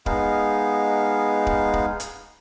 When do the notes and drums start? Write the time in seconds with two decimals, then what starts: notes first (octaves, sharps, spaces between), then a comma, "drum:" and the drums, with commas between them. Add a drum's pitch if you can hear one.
0.06 G#3 B3 D#4 F5, drum: kick D1
1.47 drum: kick D1
1.73 drum: kick D1
2.00 drum: hi-hat